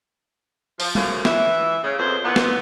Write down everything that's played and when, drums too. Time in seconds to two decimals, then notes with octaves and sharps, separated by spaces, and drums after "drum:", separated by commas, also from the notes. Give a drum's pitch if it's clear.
0.80 F3, drum: open hi-hat
0.95 F#2 C#3 F3 A3 A#3, drum: tom
1.25 E3 E5, drum: snare
1.84 C#3
1.99 F2 B2 G#4 C5
2.24 A#2 E3 B3
2.36 drum: snare